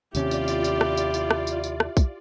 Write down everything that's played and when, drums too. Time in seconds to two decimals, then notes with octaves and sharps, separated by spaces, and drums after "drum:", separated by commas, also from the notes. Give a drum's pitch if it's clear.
0.15 D#2 C3 C#4 E4 F4 G4 D5, drum: tambourine
0.31 drum: tambourine
0.48 drum: tambourine
0.64 drum: tambourine
0.81 drum: rim click
0.97 drum: tambourine
1.14 drum: tambourine
1.31 drum: rim click
1.47 drum: tambourine
1.64 drum: tambourine
1.80 drum: rim click
1.97 drum: kick, tambourine